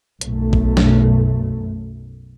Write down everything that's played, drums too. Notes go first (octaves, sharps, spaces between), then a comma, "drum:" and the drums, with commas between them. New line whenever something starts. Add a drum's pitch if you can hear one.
B1 F#2 A3, drum: hi-hat
drum: kick G#1
drum: snare